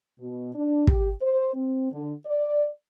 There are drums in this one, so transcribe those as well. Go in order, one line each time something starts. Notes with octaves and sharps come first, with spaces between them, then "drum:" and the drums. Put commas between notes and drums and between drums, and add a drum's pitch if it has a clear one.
B2
D4
G4, drum: kick
C5
C4
D3
D5